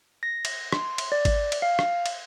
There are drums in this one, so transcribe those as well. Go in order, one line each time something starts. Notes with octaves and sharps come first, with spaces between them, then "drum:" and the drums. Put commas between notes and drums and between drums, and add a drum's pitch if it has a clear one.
A#6
drum: cymbal
C6, drum: rim click
drum: cymbal
D5
drum: kick G#1, cymbal
drum: cymbal
F5
drum: rim click
drum: cymbal